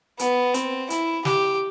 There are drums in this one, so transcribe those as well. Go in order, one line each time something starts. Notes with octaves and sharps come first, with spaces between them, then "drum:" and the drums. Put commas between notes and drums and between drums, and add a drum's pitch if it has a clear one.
B3, drum: hi-hat
C4, drum: hi-hat
E4, drum: hi-hat
G4, drum: snare